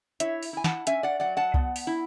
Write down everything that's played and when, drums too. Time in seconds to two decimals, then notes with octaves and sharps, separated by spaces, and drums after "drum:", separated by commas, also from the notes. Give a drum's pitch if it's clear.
0.20 E4 C#5 E5, drum: hi-hat
0.43 drum: open hi-hat
0.53 E4 G#5
0.64 F#5 A5, drum: snare
0.87 C#4 E5 G#5, drum: hi-hat
1.03 D5 F#5
1.20 F#3 D5 F#5
1.37 F#5 A5
1.54 B3, drum: kick C2
1.76 drum: open hi-hat
1.87 E4